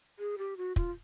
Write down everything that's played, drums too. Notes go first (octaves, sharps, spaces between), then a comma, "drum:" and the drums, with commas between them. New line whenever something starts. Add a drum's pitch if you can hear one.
G#4
G4
F#4
F4, drum: kick